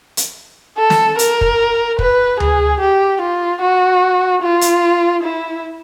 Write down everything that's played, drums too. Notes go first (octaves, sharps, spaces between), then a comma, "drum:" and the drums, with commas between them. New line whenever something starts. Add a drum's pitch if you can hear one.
drum: hi-hat
A4
drum: snare
A#4, drum: hi-hat
drum: kick
B4, drum: kick
G#4, drum: tom D2
G4
F4
F#4
F4
drum: hi-hat
E4